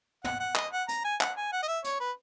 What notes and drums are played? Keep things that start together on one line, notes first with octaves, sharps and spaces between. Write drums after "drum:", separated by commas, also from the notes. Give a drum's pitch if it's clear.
F#5, drum: tom
F#5
D#5, drum: clap
F#5
A#5, drum: hi-hat
G#5
F#5, drum: clap
G#5
F#5
D#5
E5
C#5, drum: hi-hat
B4